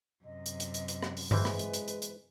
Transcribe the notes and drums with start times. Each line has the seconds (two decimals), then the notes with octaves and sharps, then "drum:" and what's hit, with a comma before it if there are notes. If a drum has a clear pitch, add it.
0.25 F#2 C3 D#5
0.46 drum: hi-hat
0.60 drum: hi-hat
0.74 drum: hi-hat
0.88 drum: hi-hat
1.03 drum: rim click
1.17 drum: open hi-hat
1.31 E3 G#3 B4 C5, drum: tom G2
1.45 drum: rim click
1.59 drum: hi-hat
1.74 drum: hi-hat
1.88 drum: hi-hat
2.02 drum: hi-hat